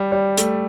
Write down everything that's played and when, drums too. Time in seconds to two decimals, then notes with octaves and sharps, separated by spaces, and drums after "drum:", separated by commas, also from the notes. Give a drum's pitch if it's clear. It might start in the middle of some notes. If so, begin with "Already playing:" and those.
Already playing: G3
0.12 G3
0.37 A3, drum: hi-hat